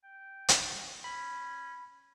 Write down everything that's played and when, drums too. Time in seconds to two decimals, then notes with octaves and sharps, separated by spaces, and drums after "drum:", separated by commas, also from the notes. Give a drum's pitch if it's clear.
0.04 G5
0.48 drum: hi-hat
1.04 C#4 B5